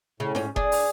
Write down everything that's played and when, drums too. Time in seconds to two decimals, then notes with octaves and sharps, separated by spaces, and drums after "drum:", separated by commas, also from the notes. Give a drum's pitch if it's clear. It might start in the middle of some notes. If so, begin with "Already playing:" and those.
0.20 A2 C#3
0.35 G#2 C#4, drum: snare F4
0.56 D4 G#4 G#5 D#6, drum: kick F1
0.72 drum: open hi-hat